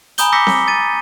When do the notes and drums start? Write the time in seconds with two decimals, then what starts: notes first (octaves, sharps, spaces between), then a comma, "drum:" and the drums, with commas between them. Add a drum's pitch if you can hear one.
0.18 G#5 A#5 B5 D#6 G6 G7, drum: hi-hat
0.32 D6 E6 G6 A#6 B6 C#7
0.47 drum: snare C4
0.68 A6 D#7